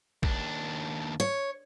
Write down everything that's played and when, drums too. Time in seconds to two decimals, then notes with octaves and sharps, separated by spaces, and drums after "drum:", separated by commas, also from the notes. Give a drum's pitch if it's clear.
0.23 D#2 D4, drum: kick
1.20 C#5